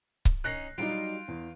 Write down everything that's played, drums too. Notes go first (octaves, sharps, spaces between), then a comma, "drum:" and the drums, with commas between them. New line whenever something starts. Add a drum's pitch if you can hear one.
drum: kick C#1
C#4 D#4 F#6 A#6 C7
F#3 G3 D#4 F4 G5
E2